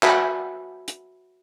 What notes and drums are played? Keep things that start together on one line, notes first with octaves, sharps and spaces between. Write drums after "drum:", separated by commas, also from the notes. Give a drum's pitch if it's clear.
F#4 B4 E5 F#5 G#5 B5, drum: clap
drum: hi-hat